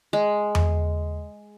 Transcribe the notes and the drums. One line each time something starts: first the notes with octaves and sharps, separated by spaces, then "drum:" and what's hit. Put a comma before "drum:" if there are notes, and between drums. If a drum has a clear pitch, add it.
G#3
drum: tom E2